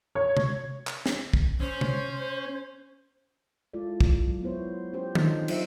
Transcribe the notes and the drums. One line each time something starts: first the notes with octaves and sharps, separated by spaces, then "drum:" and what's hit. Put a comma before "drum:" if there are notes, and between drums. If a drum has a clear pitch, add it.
C#5
drum: tom C3
drum: clap
drum: snare
drum: kick
C#4 C5
drum: tom C3
G#3 E4 F4 A4 D5
drum: kick
F#3
B3 E4 C5 C#5
C#4 G4 C5
C4 D4 D#4 F4 A4, drum: tom D#3
F#3 D#4 F4 C5 E5, drum: cymbal